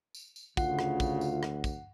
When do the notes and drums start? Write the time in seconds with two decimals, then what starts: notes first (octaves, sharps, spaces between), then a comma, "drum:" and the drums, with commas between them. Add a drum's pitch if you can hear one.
0.15 drum: tambourine
0.36 drum: tambourine
0.57 D2 C#3 F4 F#5, drum: kick, tambourine
0.79 drum: rim click
1.00 drum: kick, tambourine
1.21 drum: tambourine
1.43 drum: rim click
1.64 drum: kick, tambourine